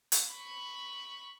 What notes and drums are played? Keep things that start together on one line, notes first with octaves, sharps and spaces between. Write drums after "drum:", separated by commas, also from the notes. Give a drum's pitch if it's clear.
drum: hi-hat
B5 C#6